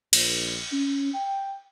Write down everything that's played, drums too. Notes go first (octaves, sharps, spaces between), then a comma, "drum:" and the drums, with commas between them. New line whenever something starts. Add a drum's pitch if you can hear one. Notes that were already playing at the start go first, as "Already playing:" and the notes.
A#1, drum: cymbal
C#4
G5